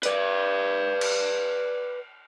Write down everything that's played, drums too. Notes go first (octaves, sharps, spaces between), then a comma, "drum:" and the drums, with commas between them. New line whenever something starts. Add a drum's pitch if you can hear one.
B4 D5, drum: hi-hat
drum: cymbal